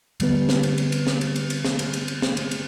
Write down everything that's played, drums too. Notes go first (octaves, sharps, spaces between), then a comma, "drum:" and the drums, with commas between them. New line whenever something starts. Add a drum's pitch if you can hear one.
D3 G3 B3 B4, drum: cymbal
drum: snare
drum: cymbal
drum: cymbal
drum: cymbal
drum: snare
drum: cymbal
drum: cymbal
drum: cymbal
drum: snare
drum: cymbal
drum: cymbal
drum: cymbal
drum: snare
drum: cymbal
drum: cymbal